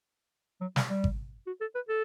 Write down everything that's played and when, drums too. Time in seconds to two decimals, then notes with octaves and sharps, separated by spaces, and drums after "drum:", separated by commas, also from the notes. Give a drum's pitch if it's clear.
0.61 F#3
0.76 G3, drum: snare
0.90 G3
1.04 drum: kick G#1
1.47 F#4
1.61 A4
1.75 B4
1.89 A4